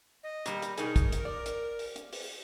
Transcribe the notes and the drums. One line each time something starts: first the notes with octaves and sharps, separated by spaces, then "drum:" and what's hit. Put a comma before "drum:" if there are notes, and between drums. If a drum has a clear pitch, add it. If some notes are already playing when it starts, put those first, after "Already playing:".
D#5
A#2 G3, drum: hi-hat
drum: hi-hat
B2 D#4 G#4 A#4, drum: hi-hat
drum: kick, hi-hat
drum: hi-hat
D5
drum: hi-hat
drum: open hi-hat
drum: hi-hat
drum: open hi-hat